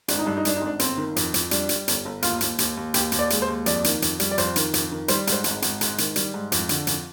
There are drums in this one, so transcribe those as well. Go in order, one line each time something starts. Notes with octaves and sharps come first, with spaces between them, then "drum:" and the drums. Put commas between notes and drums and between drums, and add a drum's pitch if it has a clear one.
G#1 D4, drum: hi-hat
D#4
G2 D4
D#4
G2 D4, drum: hi-hat
D#4
G#1 D4
G1 C4, drum: hi-hat
D#3
F2, drum: hi-hat
F2, drum: hi-hat
G3 D4, drum: hi-hat
G3, drum: hi-hat
G1, drum: hi-hat
G1
D#2 F4, drum: hi-hat
D#2, drum: hi-hat
D#2, drum: hi-hat
D#2
D#2 G4, drum: hi-hat
D#2, drum: hi-hat
D5
G#3, drum: hi-hat
C5
D#2
F2 D5, drum: hi-hat
D#3, drum: hi-hat
F2, drum: hi-hat
G3, drum: hi-hat
D5
F2 C5, drum: hi-hat
D#3, drum: hi-hat
F2, drum: hi-hat
D#3
G3 C5, drum: hi-hat
G#2 C5, drum: hi-hat
G#1, drum: hi-hat
G#1, drum: hi-hat
G#2, drum: hi-hat
D#3, drum: hi-hat
G3, drum: hi-hat
G#2
F2, drum: hi-hat
D3, drum: hi-hat
F2, drum: hi-hat